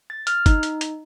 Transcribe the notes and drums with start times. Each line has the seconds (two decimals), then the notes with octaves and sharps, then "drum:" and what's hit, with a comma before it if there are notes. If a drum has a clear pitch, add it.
0.10 A6
0.27 F6, drum: hi-hat
0.46 D#4, drum: kick, hi-hat
0.63 drum: hi-hat
0.81 drum: hi-hat